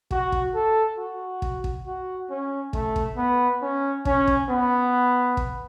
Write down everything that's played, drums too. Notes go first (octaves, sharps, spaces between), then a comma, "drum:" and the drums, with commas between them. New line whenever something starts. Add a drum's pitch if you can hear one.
F#4, drum: kick
drum: kick
A4
F#4
drum: kick
drum: kick
F#4
C#4
A3, drum: kick
drum: kick
B3
C#4
C#4, drum: kick
drum: kick
B3
drum: kick